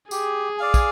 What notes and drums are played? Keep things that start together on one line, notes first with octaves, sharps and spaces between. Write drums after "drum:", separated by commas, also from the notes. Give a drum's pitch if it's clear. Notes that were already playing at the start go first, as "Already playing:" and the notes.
G4 G#4, drum: tambourine
D5 F5 G#5
drum: kick, tambourine